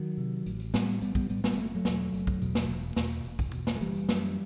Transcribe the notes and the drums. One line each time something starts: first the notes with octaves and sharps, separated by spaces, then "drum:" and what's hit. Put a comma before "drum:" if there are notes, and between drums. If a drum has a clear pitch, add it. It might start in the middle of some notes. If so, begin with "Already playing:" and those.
Already playing: D#3 F#3
C3
A1, drum: tambourine
drum: tambourine
A2 G3 B3, drum: snare
drum: tambourine
A1 G3 B3, drum: tambourine
G3 B3, drum: kick A#1, tambourine
A2 G3 B3, drum: tambourine
G3 B3, drum: snare
F#1 A3, drum: tambourine
B3
F#3 A3
E2 B2, drum: snare
F#1, drum: tambourine
drum: kick A#1, tambourine
E2 B2, drum: tambourine
drum: snare
E1, drum: tambourine
drum: tambourine
E2 B2, drum: snare
drum: tambourine
E1, drum: tambourine
drum: kick A#1, tambourine
E2 B2, drum: tambourine
drum: snare
A3
F#1 E3 G3, drum: tambourine
drum: tambourine
F#2, drum: snare
drum: tambourine